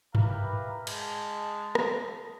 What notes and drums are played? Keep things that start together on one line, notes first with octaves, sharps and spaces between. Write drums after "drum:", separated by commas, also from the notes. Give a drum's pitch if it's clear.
E4 G4 A#4 B4 F5 A#5, drum: tom G2
G#3 A5, drum: cymbal
drum: rim click